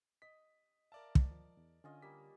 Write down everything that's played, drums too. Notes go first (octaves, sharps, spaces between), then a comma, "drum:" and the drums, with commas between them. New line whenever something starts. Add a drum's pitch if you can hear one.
D#5 B6
A#4 D5 E5 F5 A5
drum: kick
F3
E2
D3 C#4 F4 D#5
G3 A#3 B6